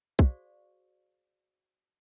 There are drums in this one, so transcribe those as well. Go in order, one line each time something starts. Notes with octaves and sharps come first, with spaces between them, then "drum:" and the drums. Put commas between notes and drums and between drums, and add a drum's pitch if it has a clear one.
F#4 G#4 C5 D5 F5 C#6, drum: kick